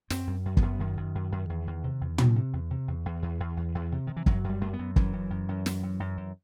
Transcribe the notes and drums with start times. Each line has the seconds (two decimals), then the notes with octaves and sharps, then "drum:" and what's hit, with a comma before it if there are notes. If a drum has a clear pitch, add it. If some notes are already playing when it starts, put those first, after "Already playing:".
0.10 F#2 C4, drum: snare
0.27 F#2
0.46 F#2
0.57 B3, drum: kick
0.62 F#2
0.79 F#2 D#3
0.97 F#2
1.15 F#2
1.32 F#2
1.49 E2
1.67 E2
1.84 C3
2.01 E2
2.18 C3, drum: tom
2.36 C3
2.53 E2
2.71 C3
2.88 E2
3.06 E2
3.22 E2
3.40 E2
3.57 E2
3.75 E2
3.92 C3
4.07 C3 D#3
4.16 E3
4.26 F#2 F#3, drum: kick
4.44 F#2
4.49 G3
4.61 F#2 A3
4.73 B3
4.79 F#2
4.96 F#2 E3, drum: kick
5.13 F#2
5.30 F#2
5.49 F#2
5.66 F#2, drum: snare
5.83 F#2
6.00 F#2
6.17 F#2